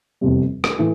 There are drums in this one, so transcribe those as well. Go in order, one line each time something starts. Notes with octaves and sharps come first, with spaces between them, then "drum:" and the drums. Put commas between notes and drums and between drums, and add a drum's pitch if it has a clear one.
F1 E2 C3 G3
drum: rim click
A2 E3